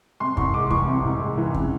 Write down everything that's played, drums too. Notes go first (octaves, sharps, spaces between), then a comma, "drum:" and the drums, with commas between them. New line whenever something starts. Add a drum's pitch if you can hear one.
C3 C6
C2 C#6, drum: kick
G#3 D6
E3 C#6, drum: kick
C3
C2
G#3
E3
C#3, drum: kick